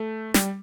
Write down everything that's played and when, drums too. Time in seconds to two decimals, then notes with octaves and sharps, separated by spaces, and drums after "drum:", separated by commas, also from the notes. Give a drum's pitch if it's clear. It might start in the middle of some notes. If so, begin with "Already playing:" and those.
Already playing: A3
0.34 G3, drum: snare